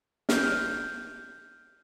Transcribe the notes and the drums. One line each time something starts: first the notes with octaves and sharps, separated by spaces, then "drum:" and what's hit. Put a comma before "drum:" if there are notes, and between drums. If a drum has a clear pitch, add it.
F6 G6, drum: snare